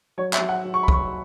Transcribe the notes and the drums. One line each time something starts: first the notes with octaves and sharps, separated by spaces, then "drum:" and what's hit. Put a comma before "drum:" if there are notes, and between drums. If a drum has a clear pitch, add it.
F#3 C#5
E5, drum: clap
F#3
F#5
F#3
C#6
B5
F#3 C#6, drum: kick